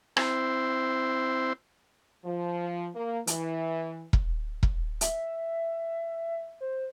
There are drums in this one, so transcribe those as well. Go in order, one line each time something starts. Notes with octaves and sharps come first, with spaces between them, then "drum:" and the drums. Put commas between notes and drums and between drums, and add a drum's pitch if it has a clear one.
C4 E4 C5, drum: rim click
F3
A#3
E3, drum: hi-hat
drum: kick E1
drum: kick E1
E5, drum: hi-hat
C5